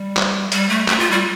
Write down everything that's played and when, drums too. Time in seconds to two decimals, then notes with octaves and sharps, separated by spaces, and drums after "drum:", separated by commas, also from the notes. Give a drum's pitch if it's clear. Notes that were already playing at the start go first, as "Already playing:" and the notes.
Already playing: G3
0.17 drum: clap
0.52 G3, drum: hi-hat
0.69 A3
0.88 A3, drum: clap
0.99 F4
1.11 G3